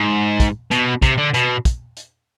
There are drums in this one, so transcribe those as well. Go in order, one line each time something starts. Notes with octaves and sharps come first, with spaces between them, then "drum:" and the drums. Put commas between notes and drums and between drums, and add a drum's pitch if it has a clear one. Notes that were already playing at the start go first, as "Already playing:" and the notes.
Already playing: G#2
drum: kick, hi-hat
B2, drum: hi-hat
C3, drum: kick, hi-hat
D3
B2, drum: hi-hat
drum: kick, hi-hat
drum: hi-hat